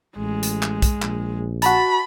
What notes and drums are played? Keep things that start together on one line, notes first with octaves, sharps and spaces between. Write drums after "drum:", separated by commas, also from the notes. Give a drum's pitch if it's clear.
A1 G#3
drum: hi-hat
drum: clap
drum: kick, hi-hat
A#1, drum: clap
F#4 A5 B5, drum: hi-hat